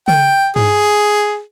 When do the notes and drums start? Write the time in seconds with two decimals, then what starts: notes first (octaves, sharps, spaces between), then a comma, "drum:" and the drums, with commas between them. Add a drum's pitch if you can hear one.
0.08 G5, drum: tom C#3
0.56 G#4, drum: tom G2